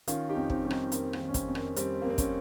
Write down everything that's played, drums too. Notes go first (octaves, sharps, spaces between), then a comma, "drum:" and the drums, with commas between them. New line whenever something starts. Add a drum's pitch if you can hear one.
D#3 C#4 F4, drum: hi-hat
D#4 G4
F2
C4 D#4, drum: kick
G3 C#4
C4 D#4, drum: rim click
D#4
F2 A#3 C#4, drum: hi-hat
A#3, drum: rim click
D#3
C#4
C4, drum: kick, hi-hat
F2
A#3, drum: rim click
G3 C4, drum: hi-hat
F2 A#3
C4
A#3 C#4, drum: kick, hi-hat